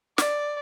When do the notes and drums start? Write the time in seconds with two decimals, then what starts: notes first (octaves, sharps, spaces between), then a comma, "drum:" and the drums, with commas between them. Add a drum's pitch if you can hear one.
0.18 D5, drum: snare